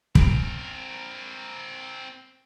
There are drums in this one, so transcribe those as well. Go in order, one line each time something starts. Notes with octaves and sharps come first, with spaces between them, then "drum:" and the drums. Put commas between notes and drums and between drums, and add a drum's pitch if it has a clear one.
C4 A#4, drum: kick